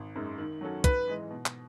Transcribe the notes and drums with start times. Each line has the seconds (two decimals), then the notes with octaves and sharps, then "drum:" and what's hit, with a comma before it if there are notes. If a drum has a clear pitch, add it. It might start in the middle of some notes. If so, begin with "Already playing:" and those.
Already playing: G#1
0.16 F#2 D#3 G#3
0.38 D#3
0.61 F#3 C#4 F#4 A4
0.84 G#2 B4, drum: kick, hi-hat
1.08 E3 G#3 D#4
1.31 B2
1.46 drum: clap